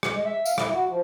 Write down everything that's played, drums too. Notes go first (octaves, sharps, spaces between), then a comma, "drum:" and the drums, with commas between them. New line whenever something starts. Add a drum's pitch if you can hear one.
drum: rim click
G#3
E5
F5, drum: tambourine
E4, drum: rim click
F#4
F3